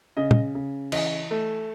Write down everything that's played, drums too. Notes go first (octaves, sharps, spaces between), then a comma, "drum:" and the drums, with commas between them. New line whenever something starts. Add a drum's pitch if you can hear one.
C#3 D#5
drum: tom
C#3
E3 D#5, drum: cymbal
A3